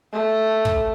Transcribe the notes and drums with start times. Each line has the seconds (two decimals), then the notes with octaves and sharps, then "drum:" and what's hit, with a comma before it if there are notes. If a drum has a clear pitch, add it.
0.12 A3
0.65 drum: kick